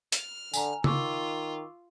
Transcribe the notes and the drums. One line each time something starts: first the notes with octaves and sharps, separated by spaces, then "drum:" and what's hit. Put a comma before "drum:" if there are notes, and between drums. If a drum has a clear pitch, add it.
F6, drum: hi-hat
D3 G#5 A#5, drum: tambourine
D#3 F4 C#6 D6 E6, drum: tom C#3